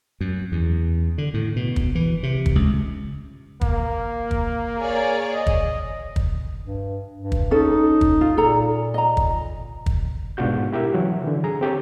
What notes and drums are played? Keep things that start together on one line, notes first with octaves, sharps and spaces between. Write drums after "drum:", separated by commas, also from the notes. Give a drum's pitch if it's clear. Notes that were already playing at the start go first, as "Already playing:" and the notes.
F#2
E2
D3
A2
B2
drum: kick
E3
C3
drum: kick
C#2
A#3, drum: kick
drum: kick
G#4 C#5 D5
D#5
drum: kick
drum: kick
G2
G2
drum: kick
C#4 D#4 A4
drum: kick
F4
A#2 A4 A#5
D#5 A#5
drum: kick
drum: kick
G#2 B2 D4 F4 F#4 G6
E4 G4 A#4 E5
C#3 E3 F#3 F#4
D3 E3
G#4 A#5
C4 G4 A4 C#5